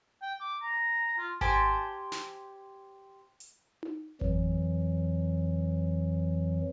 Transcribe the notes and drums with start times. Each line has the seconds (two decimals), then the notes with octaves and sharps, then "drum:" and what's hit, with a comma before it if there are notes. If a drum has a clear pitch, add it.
0.22 G5
0.40 D6
0.62 A#5
1.18 F4
1.41 G4 C5 G#5 A5, drum: kick G#1
2.12 drum: snare
3.40 drum: hi-hat
3.83 drum: tom D#4
4.21 F2 E3 F#3, drum: kick G#1